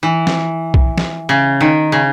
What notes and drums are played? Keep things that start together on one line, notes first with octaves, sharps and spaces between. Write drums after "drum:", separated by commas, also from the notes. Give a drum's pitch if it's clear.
E3
drum: snare
drum: kick B1
drum: snare
C#3
D#3
C#3